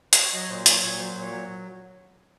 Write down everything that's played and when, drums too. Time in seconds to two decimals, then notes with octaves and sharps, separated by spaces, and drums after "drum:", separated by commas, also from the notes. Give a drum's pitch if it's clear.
0.13 C5, drum: hi-hat
0.22 C#5
0.33 F#3 D#5
0.42 C#5
0.49 A#2 C5
0.66 F#3 C#5, drum: hi-hat
0.83 A#2 C#5
0.99 F#3 C5
1.15 A#2
1.21 C#5
1.32 F#3